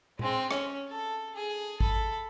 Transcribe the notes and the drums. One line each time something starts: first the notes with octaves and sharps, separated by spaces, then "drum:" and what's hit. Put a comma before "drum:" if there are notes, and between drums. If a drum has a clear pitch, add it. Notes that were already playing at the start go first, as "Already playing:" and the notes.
G#3 C4, drum: tom A#2
C#4, drum: rim click
A4
G#4
A4 B5, drum: kick G#1